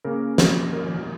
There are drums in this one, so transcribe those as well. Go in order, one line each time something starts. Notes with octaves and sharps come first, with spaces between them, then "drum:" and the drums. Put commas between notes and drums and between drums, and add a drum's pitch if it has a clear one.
C#3 A#3 C#4 A#4
C#5, drum: snare
A#4